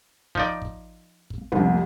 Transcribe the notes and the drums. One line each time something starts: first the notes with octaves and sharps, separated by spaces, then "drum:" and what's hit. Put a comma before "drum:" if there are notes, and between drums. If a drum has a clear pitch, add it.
F3 D#4 D5, drum: kick
drum: kick
drum: kick
C2 F2, drum: tom